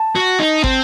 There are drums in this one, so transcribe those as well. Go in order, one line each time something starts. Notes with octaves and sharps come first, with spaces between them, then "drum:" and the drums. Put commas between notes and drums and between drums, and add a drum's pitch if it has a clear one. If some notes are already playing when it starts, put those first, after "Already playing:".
Already playing: A5
F#4
D#4
C4, drum: kick